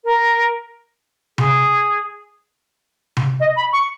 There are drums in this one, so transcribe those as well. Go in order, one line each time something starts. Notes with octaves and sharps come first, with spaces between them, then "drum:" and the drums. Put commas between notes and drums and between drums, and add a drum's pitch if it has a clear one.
A#4
G#4, drum: tom C3
drum: tom C3
D#5
B5
C#6